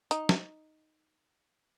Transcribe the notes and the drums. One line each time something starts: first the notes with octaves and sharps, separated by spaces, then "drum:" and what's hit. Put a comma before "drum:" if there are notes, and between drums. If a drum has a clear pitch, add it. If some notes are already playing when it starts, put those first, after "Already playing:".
D#4, drum: hi-hat
drum: snare